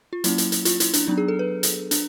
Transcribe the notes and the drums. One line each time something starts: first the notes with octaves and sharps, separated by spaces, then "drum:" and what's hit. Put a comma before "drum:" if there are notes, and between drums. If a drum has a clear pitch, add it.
F4
F#3 A#3 C#4 E4, drum: hi-hat
drum: hi-hat
drum: hi-hat
F4, drum: hi-hat
E4, drum: hi-hat
D4, drum: hi-hat
F#3 B3 D4 D#4
G#4
A4
B4
drum: hi-hat
D4, drum: hi-hat